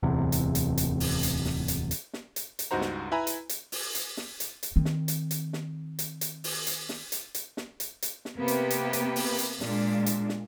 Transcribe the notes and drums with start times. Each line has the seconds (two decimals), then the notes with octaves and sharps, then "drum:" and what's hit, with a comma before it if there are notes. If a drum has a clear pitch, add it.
0.03 D1 E2 C3
0.32 drum: hi-hat
0.55 drum: hi-hat
0.78 drum: hi-hat
1.00 drum: open hi-hat
1.23 drum: hi-hat
1.46 drum: snare
1.68 drum: hi-hat
1.91 drum: hi-hat
2.13 drum: snare
2.36 drum: hi-hat
2.59 drum: hi-hat
2.71 C#2 G2 D#4 F#4 C5 A#5
2.81 drum: snare
3.12 E4 B4 E5 G#5 A#5 B5
3.27 drum: hi-hat
3.49 drum: hi-hat
3.72 drum: open hi-hat
3.95 drum: hi-hat
4.17 drum: snare
4.40 drum: hi-hat
4.63 drum: hi-hat
4.76 D#3 C4
4.85 drum: snare
5.08 drum: hi-hat
5.31 drum: hi-hat
5.53 drum: snare
5.99 drum: hi-hat
6.21 drum: hi-hat
6.44 drum: open hi-hat
6.67 drum: hi-hat
6.89 drum: snare
7.12 drum: hi-hat
7.35 drum: hi-hat
7.57 drum: snare
7.80 drum: hi-hat
8.02 drum: hi-hat
8.25 drum: snare
8.37 C3 A#3 B3 G4 B4
8.48 drum: hi-hat
8.70 drum: hi-hat
8.93 drum: hi-hat
9.16 drum: open hi-hat
9.38 drum: hi-hat
9.61 A#2 G#3 D4, drum: snare
10.06 drum: hi-hat
10.29 drum: snare